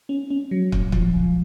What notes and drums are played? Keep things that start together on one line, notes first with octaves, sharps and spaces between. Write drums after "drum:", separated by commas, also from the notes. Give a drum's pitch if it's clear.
C#4
C#4
F#3
A#2, drum: kick
F3, drum: kick
C#2